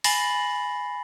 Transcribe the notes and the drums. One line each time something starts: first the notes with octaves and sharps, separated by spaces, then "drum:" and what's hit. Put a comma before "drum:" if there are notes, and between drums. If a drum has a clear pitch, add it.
G#5 B5 A6 A#6 C7 F#7, drum: open hi-hat